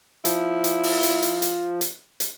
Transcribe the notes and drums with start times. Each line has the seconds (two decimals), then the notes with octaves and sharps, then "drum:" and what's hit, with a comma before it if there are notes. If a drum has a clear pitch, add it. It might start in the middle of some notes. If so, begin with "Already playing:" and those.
0.25 F3 E4, drum: hi-hat
0.64 drum: hi-hat
0.83 drum: open hi-hat
1.03 drum: hi-hat
1.22 drum: hi-hat
1.42 drum: hi-hat
1.81 drum: hi-hat
2.20 drum: hi-hat